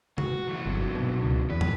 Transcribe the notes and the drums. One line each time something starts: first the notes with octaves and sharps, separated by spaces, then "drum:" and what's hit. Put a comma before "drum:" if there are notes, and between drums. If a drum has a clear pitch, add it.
F#4, drum: tom
E3 A3
G1 C3 F#3
B2
C#2
E2 B4
drum: tom